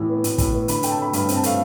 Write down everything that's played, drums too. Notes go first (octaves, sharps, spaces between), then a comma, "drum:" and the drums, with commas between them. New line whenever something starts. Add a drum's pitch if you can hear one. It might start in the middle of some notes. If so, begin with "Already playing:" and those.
Already playing: A2 E3
B3
A2, drum: hi-hat
A2, drum: kick, hi-hat
B3
D3 B5, drum: hi-hat
A3 G5, drum: hi-hat
A5
A3 B5
G2 B5, drum: hi-hat
C4, drum: hi-hat
A5
A3 F5, drum: hi-hat